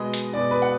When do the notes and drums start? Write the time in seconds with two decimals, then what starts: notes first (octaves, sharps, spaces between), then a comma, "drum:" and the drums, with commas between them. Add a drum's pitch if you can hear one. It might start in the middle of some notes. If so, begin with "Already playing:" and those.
Already playing: B2 G#3 B3 D#5
0.13 drum: hi-hat
0.33 B2 G#3 B3 D5
0.51 B4
0.62 F#5